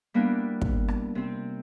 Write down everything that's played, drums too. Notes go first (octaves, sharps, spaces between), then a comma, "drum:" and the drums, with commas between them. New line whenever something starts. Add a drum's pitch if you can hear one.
G3 A#3 B3 D4 E4
drum: kick
drum: rim click
C3 C4